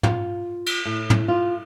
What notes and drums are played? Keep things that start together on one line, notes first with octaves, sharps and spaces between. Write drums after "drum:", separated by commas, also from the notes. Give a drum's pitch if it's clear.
F4, drum: tom
drum: cymbal
A2
drum: tom
F4